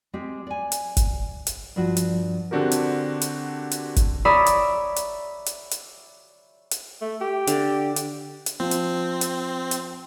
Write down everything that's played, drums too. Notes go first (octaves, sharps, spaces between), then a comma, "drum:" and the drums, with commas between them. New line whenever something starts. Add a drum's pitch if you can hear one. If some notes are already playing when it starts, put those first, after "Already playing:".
G#3 C4 G4
D5 G#5
drum: hi-hat
drum: kick, hi-hat
drum: hi-hat
G2 F3 F#4
drum: hi-hat
D3 C4 D4 F#4 G4 A#4
drum: hi-hat
drum: hi-hat
drum: hi-hat
drum: kick, hi-hat
C#5 D5 E5 A#5 B5 D#6
drum: hi-hat
drum: hi-hat
drum: hi-hat
drum: hi-hat
drum: hi-hat
A3
G4
D3, drum: hi-hat
drum: hi-hat
drum: hi-hat
F3 C4 F4
drum: hi-hat
drum: hi-hat
drum: hi-hat